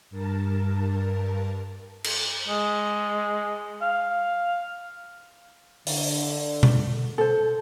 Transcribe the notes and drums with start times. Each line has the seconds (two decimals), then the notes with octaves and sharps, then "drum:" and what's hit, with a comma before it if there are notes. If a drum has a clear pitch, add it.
0.10 G2 A#4 A5
2.04 drum: cymbal
2.48 G#3
3.82 F5
5.87 D3, drum: open hi-hat
6.63 drum: tom B2
7.18 A4 C5